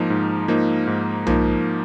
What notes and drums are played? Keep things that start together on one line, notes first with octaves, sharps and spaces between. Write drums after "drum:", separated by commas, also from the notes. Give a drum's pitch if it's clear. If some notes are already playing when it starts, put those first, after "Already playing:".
Already playing: G#2 F3 A#3 D#4
G#2
F3 A#3 D#4
G#2
F3 A#3 D#4, drum: tom B1